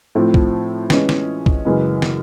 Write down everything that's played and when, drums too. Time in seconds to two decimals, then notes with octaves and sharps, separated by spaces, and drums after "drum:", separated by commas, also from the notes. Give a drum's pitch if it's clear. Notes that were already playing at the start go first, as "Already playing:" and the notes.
0.15 A2 F3 A3 C4
0.34 drum: kick
0.90 E3 G#3 C#4, drum: snare
1.09 drum: snare
1.46 drum: kick
1.65 F#2 C#3 E3 G#3
2.02 drum: snare